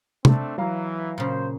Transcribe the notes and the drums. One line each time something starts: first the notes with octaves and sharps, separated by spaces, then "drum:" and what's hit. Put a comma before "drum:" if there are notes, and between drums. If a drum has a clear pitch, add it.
A3 C4 D4, drum: tom
E3 F#3 F5 A#5
A#2 C#3 C5